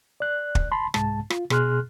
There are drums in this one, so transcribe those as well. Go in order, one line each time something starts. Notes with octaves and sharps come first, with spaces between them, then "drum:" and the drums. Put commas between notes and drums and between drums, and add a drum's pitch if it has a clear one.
D5 F#6
drum: kick
A5 B5 C6
C2 G#2 G#3 A5, drum: rim click
F4, drum: rim click
B2 G#4 C6 F6 F#6, drum: rim click